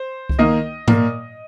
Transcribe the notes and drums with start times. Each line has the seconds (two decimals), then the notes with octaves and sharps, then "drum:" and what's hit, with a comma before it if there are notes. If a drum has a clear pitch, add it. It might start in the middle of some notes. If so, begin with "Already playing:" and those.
Already playing: C5
0.29 drum: kick C2
0.39 D#3 A#3 D#5
0.88 A#2 A#3, drum: tom G#2